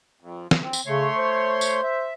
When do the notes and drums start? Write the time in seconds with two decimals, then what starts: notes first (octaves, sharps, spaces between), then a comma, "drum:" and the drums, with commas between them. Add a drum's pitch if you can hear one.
0.20 F2
0.51 drum: snare
0.63 C4
0.73 drum: tambourine
0.86 C#3 A3 C#5 C6
1.16 C5
1.61 drum: tambourine
1.83 E5